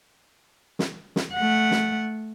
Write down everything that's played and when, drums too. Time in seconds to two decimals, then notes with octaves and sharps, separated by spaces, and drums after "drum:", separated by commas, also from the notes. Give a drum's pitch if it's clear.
0.79 drum: snare
1.16 drum: snare
1.34 A3 F#5
1.71 drum: snare